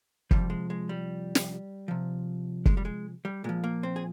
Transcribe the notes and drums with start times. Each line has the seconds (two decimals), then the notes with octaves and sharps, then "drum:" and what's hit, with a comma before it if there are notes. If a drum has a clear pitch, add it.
0.31 C3 F3 G3, drum: kick
0.50 G#3
0.70 G#3
0.89 G3
1.35 drum: snare
1.88 C3 F3
2.66 G#3, drum: kick
2.77 G3
2.85 G#3
3.25 G3
3.44 A#2 F3 G#3
3.64 A#3
3.83 C4
3.96 G#4